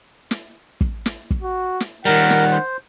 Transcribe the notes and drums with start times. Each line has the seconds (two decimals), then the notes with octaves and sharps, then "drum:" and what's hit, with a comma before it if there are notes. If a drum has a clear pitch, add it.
0.31 drum: snare
0.81 drum: kick
1.06 drum: snare
1.31 drum: kick
1.42 F#4
1.80 drum: snare
2.05 D#3 G3 A#4 F#5
2.30 drum: snare
2.52 C5